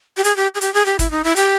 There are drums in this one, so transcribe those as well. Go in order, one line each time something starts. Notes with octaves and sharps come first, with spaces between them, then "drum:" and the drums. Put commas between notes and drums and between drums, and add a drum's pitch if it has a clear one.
G4
G#4, drum: hi-hat
G4
G#4
G4, drum: hi-hat
G#4
G4
E4, drum: kick, hi-hat
D#4
E4
G4, drum: hi-hat